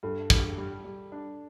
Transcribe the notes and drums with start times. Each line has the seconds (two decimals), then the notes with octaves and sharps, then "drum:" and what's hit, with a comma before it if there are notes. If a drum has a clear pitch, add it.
0.03 G2 A4
0.30 G2, drum: kick
0.58 G3
0.84 G3
1.12 D4